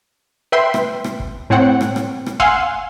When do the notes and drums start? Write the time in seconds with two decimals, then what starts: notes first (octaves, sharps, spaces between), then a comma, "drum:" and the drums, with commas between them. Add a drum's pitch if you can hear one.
0.52 B4 E5 G5 C6 B6
0.74 drum: rim click
1.04 drum: rim click
1.20 drum: kick
1.50 A2 C4 C#5 F#5 G5
1.81 drum: rim click
1.96 drum: rim click
2.26 drum: rim click
2.40 F5 F#5 G#5 C6 E6, drum: kick